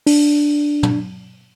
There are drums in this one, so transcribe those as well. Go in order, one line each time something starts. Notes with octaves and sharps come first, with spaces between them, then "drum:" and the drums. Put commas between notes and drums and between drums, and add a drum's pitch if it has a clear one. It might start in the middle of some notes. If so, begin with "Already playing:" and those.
D4, drum: open hi-hat
drum: tom